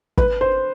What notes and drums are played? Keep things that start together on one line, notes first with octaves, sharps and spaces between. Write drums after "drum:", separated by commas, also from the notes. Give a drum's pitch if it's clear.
B4, drum: kick
C5